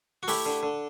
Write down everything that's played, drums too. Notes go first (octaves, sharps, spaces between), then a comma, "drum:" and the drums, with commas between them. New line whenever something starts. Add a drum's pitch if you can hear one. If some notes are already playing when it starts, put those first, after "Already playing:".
F#4
A3 E4 G4, drum: open hi-hat
D3
D3